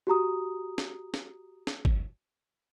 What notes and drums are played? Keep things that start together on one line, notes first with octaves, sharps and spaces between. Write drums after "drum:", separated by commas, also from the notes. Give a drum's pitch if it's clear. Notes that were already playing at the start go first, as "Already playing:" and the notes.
F#4 G4 A#5 D#6
drum: snare
drum: snare
drum: snare
drum: kick